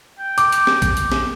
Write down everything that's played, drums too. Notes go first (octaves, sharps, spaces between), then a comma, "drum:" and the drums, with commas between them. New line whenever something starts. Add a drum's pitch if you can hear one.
G5
D6, drum: hi-hat
drum: hi-hat
drum: snare
drum: kick, hi-hat
drum: hi-hat
drum: snare